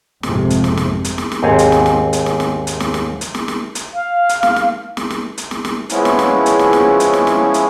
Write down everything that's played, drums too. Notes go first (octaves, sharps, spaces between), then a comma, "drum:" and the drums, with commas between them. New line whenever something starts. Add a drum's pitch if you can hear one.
G#1 F2 C3, drum: snare
drum: hi-hat
drum: snare
drum: snare
drum: hi-hat
drum: snare
drum: snare
D#2 G#2 C4 G#4 C#5
drum: hi-hat
drum: snare
drum: snare
drum: hi-hat
drum: snare
drum: snare
drum: hi-hat
drum: snare
drum: snare
drum: hi-hat
drum: snare
drum: snare
drum: hi-hat
F5
drum: hi-hat
drum: snare
drum: snare
drum: snare
drum: snare
drum: hi-hat
drum: snare
drum: snare
F3 G#3 B3 C#4 E4, drum: hi-hat
drum: snare
drum: snare
drum: hi-hat
drum: snare
drum: snare
drum: hi-hat
drum: snare
drum: snare
drum: hi-hat